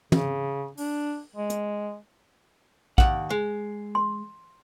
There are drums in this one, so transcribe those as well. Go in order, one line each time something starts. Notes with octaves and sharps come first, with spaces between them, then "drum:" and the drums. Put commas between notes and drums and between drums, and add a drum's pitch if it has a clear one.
C#3, drum: tom
D4, drum: open hi-hat
G#3
drum: hi-hat
D#2 F#5, drum: kick A#1
G#3
C6